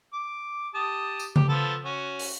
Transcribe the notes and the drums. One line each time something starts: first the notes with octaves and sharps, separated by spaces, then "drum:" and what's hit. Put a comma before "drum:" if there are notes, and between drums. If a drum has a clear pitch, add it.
D6
G4 A5 D#6
drum: tambourine
G4, drum: tom C#3
F3 B3 A4
C#4 F#4
drum: open hi-hat